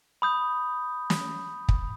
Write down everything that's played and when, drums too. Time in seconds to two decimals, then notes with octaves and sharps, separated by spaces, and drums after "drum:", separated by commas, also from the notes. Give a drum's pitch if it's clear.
0.22 B5 D#6 G6
1.10 drum: snare
1.69 drum: kick